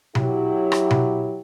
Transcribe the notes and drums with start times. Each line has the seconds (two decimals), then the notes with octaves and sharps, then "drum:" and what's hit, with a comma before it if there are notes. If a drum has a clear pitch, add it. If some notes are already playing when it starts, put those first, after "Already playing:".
0.15 F#3 E4 G4, drum: tom B2
0.72 drum: rim click
0.91 drum: tom B2